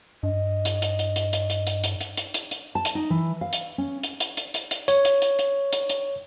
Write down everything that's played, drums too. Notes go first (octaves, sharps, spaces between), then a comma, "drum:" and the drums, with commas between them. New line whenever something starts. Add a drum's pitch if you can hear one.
G2 D#5
drum: hi-hat
drum: hi-hat
drum: hi-hat
drum: hi-hat
drum: hi-hat
drum: hi-hat
drum: hi-hat
drum: hi-hat
drum: hi-hat
drum: hi-hat
drum: hi-hat
drum: hi-hat
A5
drum: hi-hat
D#4
E3
F5
drum: hi-hat
C#4
drum: hi-hat
drum: hi-hat
drum: hi-hat
drum: hi-hat
drum: hi-hat
C#5, drum: hi-hat
drum: hi-hat
drum: hi-hat
drum: hi-hat
drum: hi-hat
drum: hi-hat